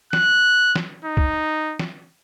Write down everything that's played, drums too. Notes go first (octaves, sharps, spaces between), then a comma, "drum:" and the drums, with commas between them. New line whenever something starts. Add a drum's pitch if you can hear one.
F#6, drum: snare
drum: snare
D#4
drum: kick
drum: snare